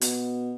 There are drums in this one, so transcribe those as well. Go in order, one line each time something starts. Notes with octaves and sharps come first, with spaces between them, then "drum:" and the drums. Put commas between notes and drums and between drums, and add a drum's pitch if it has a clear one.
B2, drum: hi-hat